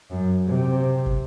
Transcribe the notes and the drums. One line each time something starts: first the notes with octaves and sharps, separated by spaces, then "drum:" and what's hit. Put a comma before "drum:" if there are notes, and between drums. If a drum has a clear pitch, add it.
F#2
C3
drum: kick